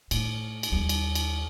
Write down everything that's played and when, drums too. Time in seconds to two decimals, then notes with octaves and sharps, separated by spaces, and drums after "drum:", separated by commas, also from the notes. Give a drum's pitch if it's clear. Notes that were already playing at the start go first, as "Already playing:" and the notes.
0.11 A2, drum: cymbal
0.63 drum: cymbal
0.72 D#2 G3
0.89 drum: cymbal
1.15 drum: cymbal